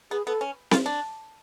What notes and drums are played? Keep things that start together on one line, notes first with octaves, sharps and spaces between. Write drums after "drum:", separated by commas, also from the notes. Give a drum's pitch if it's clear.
B3 G#4
B3 A4
C#4
F4, drum: snare C4
D4